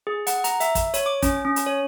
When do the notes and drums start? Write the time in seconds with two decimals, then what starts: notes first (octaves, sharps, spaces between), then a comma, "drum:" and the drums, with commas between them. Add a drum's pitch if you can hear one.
0.07 G#4
0.27 F#5, drum: hi-hat
0.44 A#5, drum: hi-hat
0.60 E5, drum: hi-hat
0.75 drum: kick, hi-hat
0.94 C#5, drum: hi-hat
1.06 D6
1.22 C#4, drum: kick, hi-hat
1.45 C#4
1.56 drum: hi-hat
1.66 C#5